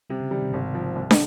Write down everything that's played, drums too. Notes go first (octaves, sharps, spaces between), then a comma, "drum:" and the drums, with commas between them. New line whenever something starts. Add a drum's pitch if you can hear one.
C3 G3
C#3
D#3 G3
C3
G#1 C3
F3
C2
drum: snare